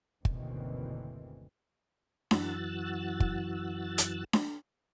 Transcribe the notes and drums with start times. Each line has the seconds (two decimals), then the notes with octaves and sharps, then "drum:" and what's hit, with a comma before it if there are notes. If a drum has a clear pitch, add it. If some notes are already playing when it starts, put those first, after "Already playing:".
0.25 F#1 D2 B2 D#3 E3 C4, drum: kick
2.31 F#2 E3 F#4 E6 F#6 A6, drum: snare D4
3.20 drum: kick
3.98 drum: hi-hat
4.33 drum: snare D4